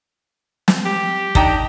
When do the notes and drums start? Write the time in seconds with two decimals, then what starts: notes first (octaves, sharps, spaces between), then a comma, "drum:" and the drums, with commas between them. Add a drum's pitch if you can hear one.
0.68 drum: snare
0.85 G4
1.35 D4 D#4 G5, drum: kick